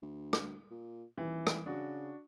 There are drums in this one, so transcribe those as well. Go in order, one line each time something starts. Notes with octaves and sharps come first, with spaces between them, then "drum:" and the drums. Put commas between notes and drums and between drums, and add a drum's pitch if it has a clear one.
D2
drum: rim click
A#2
D#1 E3
drum: rim click
C#3 D4 F#4